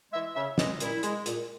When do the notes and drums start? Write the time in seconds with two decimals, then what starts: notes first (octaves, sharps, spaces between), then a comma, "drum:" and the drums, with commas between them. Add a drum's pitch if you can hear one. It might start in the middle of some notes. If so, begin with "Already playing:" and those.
0.12 E3 G#3 E5
0.35 C#3 E5
0.58 E3 G#3 D#5, drum: snare
0.80 A#2 E4, drum: hi-hat
1.03 G#3, drum: hi-hat
1.26 A#2, drum: hi-hat